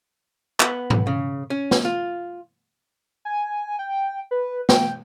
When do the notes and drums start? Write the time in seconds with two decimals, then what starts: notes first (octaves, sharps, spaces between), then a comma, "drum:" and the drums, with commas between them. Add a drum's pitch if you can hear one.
0.60 B3, drum: clap
0.90 drum: tom G#2
1.07 C#3
1.50 C#4
1.71 drum: snare
1.85 F4
3.25 G#5
3.79 G5
4.31 B4
4.69 G5, drum: snare